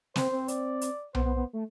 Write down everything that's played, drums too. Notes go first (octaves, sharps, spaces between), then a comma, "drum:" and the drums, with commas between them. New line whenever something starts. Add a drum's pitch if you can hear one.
C4 C5, drum: snare
C4
D5, drum: hi-hat
drum: hi-hat
B3 C5, drum: tom B1
B3
B3
A3